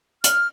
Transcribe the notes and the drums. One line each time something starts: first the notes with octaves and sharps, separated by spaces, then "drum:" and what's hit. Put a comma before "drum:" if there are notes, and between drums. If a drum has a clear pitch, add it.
F6, drum: hi-hat